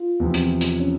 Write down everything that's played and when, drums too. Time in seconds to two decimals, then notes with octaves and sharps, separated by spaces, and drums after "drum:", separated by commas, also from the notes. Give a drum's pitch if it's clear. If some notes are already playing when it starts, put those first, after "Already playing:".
Already playing: F4
0.20 E2 C3 F3
0.34 drum: hi-hat
0.61 drum: hi-hat
0.80 C#4